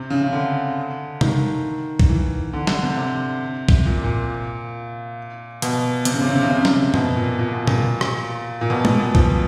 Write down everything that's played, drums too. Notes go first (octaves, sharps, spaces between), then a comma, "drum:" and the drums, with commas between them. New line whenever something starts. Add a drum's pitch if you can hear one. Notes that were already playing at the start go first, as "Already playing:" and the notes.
Already playing: C3
C#3
C#3
D3
D#3, drum: tom C3
drum: kick
E3
D3
D3, drum: snare
C3
C3
drum: kick
A#2
A#2
B2, drum: hi-hat
C3, drum: hi-hat
C#3
C3
C#3
C3
C#3
C3
C#3
C3, drum: snare
B2, drum: tom F#2
A#2
A#2
B2
A#2, drum: tom B2
drum: rim click
A#2
B2
A#2, drum: tom
B2
F3, drum: kick